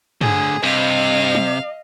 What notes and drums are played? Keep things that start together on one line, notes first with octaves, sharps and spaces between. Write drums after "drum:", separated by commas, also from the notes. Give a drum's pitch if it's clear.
A2 D3 G#4, drum: tom
G2 C3 D#5 F5
drum: tom F#3